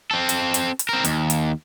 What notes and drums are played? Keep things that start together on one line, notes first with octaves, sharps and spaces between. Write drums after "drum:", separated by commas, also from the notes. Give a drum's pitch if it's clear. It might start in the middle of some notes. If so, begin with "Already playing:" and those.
C4 A4
drum: hi-hat
drum: hi-hat
drum: hi-hat
C4 A#4
D#2, drum: hi-hat
drum: hi-hat